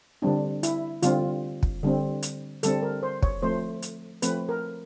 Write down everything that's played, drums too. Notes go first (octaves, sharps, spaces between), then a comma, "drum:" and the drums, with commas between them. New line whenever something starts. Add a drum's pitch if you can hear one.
D3 G3 C4 D4
E4, drum: hi-hat
D3 G3 C4 F4, drum: hi-hat
drum: kick
D3 G3 C4
drum: hi-hat
D3 G3 C4 A4, drum: hi-hat
A#4
C5
C#5, drum: kick
F3 A3 C4 C5
drum: hi-hat
F3 A3 C4 B4, drum: hi-hat
A#4